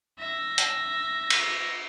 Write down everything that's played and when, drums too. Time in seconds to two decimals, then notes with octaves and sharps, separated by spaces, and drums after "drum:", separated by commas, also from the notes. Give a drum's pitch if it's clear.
0.19 E5 A#6
0.58 drum: hi-hat
1.30 drum: cymbal